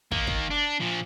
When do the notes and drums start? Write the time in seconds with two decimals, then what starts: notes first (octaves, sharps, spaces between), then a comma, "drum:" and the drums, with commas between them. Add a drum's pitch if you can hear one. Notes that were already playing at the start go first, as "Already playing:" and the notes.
0.12 D#3 A#3, drum: kick
0.27 drum: kick
0.51 D4
0.81 A#2 F3